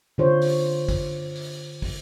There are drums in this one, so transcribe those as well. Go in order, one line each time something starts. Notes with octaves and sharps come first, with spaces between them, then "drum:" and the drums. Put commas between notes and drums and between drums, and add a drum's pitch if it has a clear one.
D3 F4 C5 C#5
drum: open hi-hat
drum: kick, open hi-hat
drum: open hi-hat
drum: kick, open hi-hat